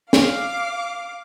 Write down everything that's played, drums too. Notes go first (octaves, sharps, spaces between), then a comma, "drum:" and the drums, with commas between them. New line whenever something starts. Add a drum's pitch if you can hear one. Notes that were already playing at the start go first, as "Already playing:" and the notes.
F5 D6, drum: snare